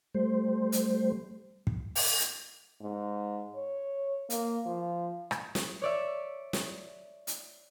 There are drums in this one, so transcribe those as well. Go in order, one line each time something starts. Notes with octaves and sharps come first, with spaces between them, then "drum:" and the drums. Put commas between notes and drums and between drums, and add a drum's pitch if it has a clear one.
G3 A3 C5
drum: hi-hat
drum: kick
drum: open hi-hat
drum: hi-hat
G#2
C#5
A#3, drum: hi-hat
F3
drum: rim click
drum: snare
C#5 D5 E5
drum: snare
drum: hi-hat